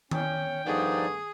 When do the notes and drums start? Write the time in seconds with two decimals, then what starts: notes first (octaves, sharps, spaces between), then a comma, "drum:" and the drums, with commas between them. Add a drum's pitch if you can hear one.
0.11 C#4 G5, drum: tom D#3
0.66 G2 F3 A3 B3 D#4 G#4 D5